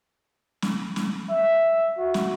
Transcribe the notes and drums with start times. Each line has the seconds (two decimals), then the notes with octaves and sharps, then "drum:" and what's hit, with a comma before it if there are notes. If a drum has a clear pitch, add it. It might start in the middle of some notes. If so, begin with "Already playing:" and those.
0.62 drum: snare
0.96 drum: snare
1.30 E5
1.98 F#4
2.14 drum: snare